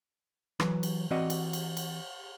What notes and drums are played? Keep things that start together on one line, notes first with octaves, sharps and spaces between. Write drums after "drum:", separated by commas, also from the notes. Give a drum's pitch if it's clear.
E3 F#3 B4, drum: rim click
drum: cymbal
E3 C4 F#4 D5 D#5 F#5
drum: cymbal
drum: cymbal
drum: cymbal